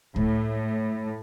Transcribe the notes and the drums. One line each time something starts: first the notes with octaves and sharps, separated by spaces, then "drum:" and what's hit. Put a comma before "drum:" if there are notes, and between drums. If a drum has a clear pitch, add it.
A2, drum: kick